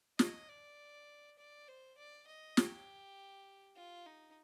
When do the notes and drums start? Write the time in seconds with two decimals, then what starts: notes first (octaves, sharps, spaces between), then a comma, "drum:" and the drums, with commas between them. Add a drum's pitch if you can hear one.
0.19 D#5, drum: snare
0.49 D5
1.39 D5
1.68 C5
1.98 D5
2.27 D#5
2.57 G4, drum: snare
3.76 F4
4.06 D#4